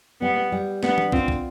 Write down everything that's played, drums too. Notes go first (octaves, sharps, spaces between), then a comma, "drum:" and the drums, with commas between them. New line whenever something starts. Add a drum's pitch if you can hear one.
G3 B3
G3
B3 D4, drum: snare
drum: tom
C4 F4, drum: kick
drum: kick